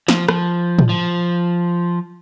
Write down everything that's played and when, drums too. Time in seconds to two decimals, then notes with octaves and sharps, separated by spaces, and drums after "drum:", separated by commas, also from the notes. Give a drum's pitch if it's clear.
0.08 F3, drum: snare
0.29 F3, drum: rim click
0.79 drum: tom A2
0.89 F3